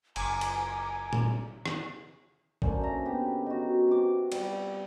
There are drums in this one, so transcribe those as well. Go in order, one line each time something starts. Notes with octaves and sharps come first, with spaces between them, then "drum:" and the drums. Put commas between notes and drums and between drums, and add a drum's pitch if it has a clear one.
F#1 G#5 A#5 D6, drum: cymbal
drum: cymbal
drum: tom A#2
drum: rim click
D3 A#3 C#4 C5, drum: kick
E5 A#5
B3 G4
D#4 F#4
C3 D6
G3, drum: cymbal